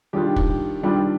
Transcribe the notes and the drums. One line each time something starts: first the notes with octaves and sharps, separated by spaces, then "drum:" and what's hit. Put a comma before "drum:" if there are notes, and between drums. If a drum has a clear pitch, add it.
D#3 G3 D4 F4 G4
drum: kick
D#3 G3 D4 F4